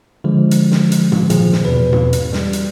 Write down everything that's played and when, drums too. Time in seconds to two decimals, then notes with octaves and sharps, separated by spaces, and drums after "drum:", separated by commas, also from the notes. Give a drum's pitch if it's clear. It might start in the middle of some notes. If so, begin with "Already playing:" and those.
0.24 D3 F3 G#3
0.51 drum: hi-hat
0.71 drum: snare
0.92 drum: hi-hat
1.12 drum: tom G#2
1.30 A#2 D#3 F3 G#4, drum: hi-hat
1.52 drum: snare
1.65 E2 B2 B4
1.93 drum: tom G#2
2.13 drum: hi-hat
2.33 G3, drum: snare
2.53 drum: hi-hat